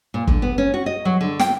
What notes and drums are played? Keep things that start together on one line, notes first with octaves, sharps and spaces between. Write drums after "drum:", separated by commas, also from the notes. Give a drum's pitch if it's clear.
A#2
D3, drum: kick
B3
C#4
F#4
D#5
F#3
D3
G5, drum: snare